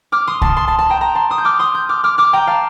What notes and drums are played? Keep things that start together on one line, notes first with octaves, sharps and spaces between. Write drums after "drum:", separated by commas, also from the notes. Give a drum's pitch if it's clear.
D6 F6
C6 D#6
A5 C6, drum: kick C2
A5 C6
A5 C6
A5 C6
G5 A#5
G5 A#5
A5 C6
C6 D#6
G6
D6 F6
C6 D#6
D#6 G6
D6 F6
D6 F6
D6 F6
G5 A#5
F5 A5